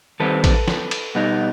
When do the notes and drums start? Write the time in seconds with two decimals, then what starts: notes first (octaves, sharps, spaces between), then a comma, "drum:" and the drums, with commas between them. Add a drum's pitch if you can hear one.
0.20 D#3 G3 C4 A4 B4
0.44 drum: kick A1, cymbal
0.68 drum: snare
0.91 drum: cymbal
1.15 B2 G3 B3 D#4